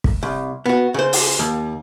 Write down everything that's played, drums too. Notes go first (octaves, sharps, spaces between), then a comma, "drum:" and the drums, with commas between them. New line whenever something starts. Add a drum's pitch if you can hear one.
drum: kick
C2
B3 F#4
C#3 C5
drum: open hi-hat
D#2